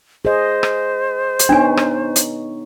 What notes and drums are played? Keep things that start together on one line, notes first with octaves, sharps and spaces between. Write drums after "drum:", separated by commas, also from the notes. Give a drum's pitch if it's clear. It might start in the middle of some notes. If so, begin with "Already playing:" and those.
G#4 C5 D#5
drum: rim click
drum: hi-hat
B3 D4 D#4 C#5 G#5
drum: rim click
drum: hi-hat